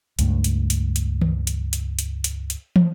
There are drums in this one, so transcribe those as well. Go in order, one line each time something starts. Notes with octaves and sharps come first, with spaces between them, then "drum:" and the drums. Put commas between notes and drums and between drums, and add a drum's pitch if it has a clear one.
C#2 G2 A3, drum: hi-hat
drum: hi-hat
drum: hi-hat
drum: hi-hat
drum: tom D#3
drum: hi-hat
drum: hi-hat
drum: hi-hat
drum: hi-hat
drum: hi-hat
drum: tom